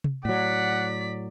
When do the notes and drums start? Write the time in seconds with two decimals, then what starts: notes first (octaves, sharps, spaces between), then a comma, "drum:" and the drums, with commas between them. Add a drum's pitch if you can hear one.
0.04 drum: tom C3
0.25 A2 F#3 D5 F#5 B6